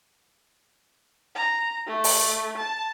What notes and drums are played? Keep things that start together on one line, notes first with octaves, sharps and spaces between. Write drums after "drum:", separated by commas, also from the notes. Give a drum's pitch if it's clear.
A#5
A3
drum: open hi-hat
A5